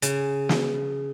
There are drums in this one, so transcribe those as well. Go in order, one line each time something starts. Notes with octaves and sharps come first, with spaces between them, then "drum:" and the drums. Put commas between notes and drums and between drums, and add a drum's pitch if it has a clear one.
C#3, drum: hi-hat
drum: snare